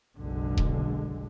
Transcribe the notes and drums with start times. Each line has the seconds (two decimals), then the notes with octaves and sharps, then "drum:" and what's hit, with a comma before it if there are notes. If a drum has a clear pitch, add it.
0.17 F#1 B1 D3 G#3
0.58 drum: kick D#1